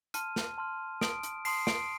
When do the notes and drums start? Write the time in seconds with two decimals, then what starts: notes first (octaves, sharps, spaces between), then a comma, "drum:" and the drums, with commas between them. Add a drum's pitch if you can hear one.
0.14 A5 C6 F6 D#7, drum: hi-hat
0.36 drum: snare
0.58 A5 C6 F6
1.01 A5 C6 D#6 D7, drum: snare
1.23 drum: hi-hat
1.45 A5 C6 D#6 C7, drum: open hi-hat
1.67 D7, drum: snare